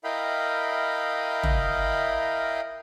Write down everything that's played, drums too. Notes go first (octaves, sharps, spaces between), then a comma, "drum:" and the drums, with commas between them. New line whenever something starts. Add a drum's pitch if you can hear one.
E4 A#4 D#5 F5 G5 B5
drum: tom